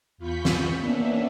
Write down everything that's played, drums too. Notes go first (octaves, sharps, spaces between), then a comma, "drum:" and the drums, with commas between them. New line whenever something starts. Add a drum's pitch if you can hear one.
E2 F4 B5 C#6 G6 B6
drum: snare
A#3 B3 C#4 D4 E5